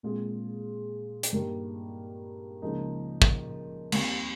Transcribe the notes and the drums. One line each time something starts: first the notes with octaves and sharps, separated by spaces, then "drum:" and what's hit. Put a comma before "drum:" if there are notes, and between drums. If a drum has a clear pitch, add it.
A#2 G#3 C4 F4 G#4
drum: hi-hat
G2 D#3 A#3
C#2 C#3 F3 A#3 D#4
drum: kick
D#2 D#3 G3 C4, drum: cymbal